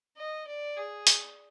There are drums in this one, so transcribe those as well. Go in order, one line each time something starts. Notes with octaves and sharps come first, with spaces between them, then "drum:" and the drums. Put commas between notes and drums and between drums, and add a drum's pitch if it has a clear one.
D#5
D5
G#4
drum: hi-hat